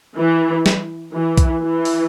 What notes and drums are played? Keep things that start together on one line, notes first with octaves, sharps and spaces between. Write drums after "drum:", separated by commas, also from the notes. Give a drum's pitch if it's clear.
E3
drum: snare
E3
drum: kick B1, hi-hat
E3
drum: open hi-hat